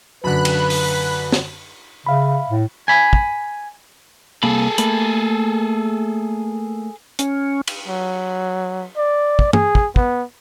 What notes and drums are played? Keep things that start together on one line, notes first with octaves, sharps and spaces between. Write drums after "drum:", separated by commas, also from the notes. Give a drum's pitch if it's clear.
F#2 D3 B4 B5 F#6
drum: cymbal
drum: open hi-hat
drum: snare
C#3 E5 F5 B5
A2
G#5 B5
drum: kick
C2 A#3 G#4 A4 B5
A3 A#3 B5, drum: hi-hat
C#4, drum: hi-hat
drum: cymbal
F#3
D5
drum: kick
G#4, drum: tom
drum: kick
B3, drum: kick